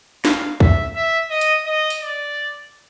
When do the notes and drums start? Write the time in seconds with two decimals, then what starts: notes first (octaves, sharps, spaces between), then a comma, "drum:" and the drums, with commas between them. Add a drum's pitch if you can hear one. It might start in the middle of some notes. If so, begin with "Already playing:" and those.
0.25 F5, drum: snare
0.60 E5, drum: kick
0.96 E5
1.30 D#5
1.41 drum: hi-hat
1.65 D#5
1.90 drum: open hi-hat
2.01 D5